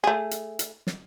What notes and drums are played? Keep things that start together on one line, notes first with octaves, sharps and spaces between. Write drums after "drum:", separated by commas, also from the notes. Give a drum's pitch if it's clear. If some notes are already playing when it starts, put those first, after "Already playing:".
A3 G#4
drum: hi-hat
drum: hi-hat
drum: snare